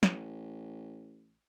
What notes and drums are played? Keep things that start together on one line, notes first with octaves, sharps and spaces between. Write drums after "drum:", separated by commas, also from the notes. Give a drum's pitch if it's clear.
A1, drum: snare